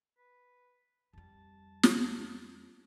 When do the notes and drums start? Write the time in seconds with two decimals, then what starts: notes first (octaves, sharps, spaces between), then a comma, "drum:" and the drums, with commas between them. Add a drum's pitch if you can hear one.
0.18 B4
1.14 F2 G3 A5
1.83 drum: snare